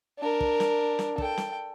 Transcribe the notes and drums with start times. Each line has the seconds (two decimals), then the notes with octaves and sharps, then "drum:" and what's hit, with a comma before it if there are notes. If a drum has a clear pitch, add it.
0.19 D4 A#4
0.40 drum: kick
0.60 drum: snare
0.99 drum: snare
1.18 A4 G5, drum: kick
1.38 drum: snare